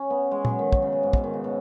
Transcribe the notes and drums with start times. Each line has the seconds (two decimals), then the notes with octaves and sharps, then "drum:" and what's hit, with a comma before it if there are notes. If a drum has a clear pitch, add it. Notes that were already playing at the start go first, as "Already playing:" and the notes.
Already playing: C#4
0.10 B3
0.31 G#3
0.45 F#3, drum: tom A#2
0.59 D#3
0.72 D#3, drum: kick
0.82 C#3
0.93 B2
1.03 G#2
1.13 B2, drum: kick
1.24 D#3
1.34 C#3
1.44 B2